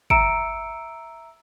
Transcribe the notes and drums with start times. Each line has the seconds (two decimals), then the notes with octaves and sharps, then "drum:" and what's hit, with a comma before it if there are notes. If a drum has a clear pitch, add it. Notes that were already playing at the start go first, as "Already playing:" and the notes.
0.10 E5 A#5 E6 C#7 D7, drum: kick